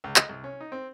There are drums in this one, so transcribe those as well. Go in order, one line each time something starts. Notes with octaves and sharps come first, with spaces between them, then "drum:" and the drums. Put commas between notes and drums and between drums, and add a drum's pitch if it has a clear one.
C#2
D#5, drum: clap
C2
C#4
D#4
C4